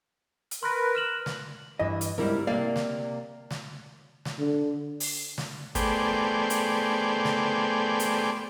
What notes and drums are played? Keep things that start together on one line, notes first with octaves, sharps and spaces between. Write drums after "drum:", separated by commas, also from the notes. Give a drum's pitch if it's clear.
drum: hi-hat
A#4 B4 C6 F#6 A#6
F6 E7 F#7
drum: snare
G2 E3 D#5
drum: hi-hat
C#2 G#2 G3 E4 A#4
C3 A#3 D5 F5
drum: snare
drum: snare
drum: snare
D3
drum: open hi-hat
drum: snare
A3 B3 G#4 C5 D5 G5, drum: kick, hi-hat
drum: hi-hat
drum: snare
drum: hi-hat